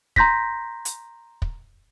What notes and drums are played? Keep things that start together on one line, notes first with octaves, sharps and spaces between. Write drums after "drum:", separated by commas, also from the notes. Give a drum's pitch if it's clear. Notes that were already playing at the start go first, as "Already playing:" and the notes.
A#5 C6 G6 A#6 B6, drum: kick
drum: hi-hat
drum: kick